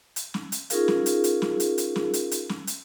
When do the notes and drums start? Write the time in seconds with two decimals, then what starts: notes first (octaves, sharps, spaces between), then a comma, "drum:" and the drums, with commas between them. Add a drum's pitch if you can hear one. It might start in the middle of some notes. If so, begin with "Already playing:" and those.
0.16 drum: hi-hat
0.34 drum: snare
0.52 drum: hi-hat
0.70 C#4 D#4 F4 G#4 A#4 F5, drum: hi-hat
0.88 drum: snare
1.06 drum: hi-hat
1.24 drum: hi-hat
1.42 drum: snare
1.60 drum: hi-hat
1.78 drum: hi-hat
1.96 drum: snare
2.14 drum: hi-hat
2.31 drum: hi-hat
2.49 drum: snare
2.67 drum: hi-hat